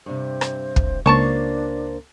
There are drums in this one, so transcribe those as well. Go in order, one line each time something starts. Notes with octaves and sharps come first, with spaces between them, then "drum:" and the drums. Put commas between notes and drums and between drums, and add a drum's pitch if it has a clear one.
G2 C3 C5
drum: rim click
drum: kick
C#2 A#3 D4 C5 C#5 A5 C#6 A6